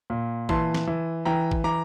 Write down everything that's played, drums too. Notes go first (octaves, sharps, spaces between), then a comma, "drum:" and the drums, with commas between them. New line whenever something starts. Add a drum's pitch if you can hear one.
A#2
E3 A5 C6, drum: kick
drum: snare
E3
E3 G5 A#5
drum: kick
E3 A#5 D6